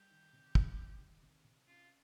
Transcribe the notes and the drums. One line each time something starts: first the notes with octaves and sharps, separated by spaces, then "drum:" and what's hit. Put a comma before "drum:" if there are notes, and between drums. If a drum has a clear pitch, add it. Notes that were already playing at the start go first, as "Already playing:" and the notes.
Already playing: G3 G4
D#3
C3
C3, drum: kick
G3
D#3
C3
C3
C#4 F4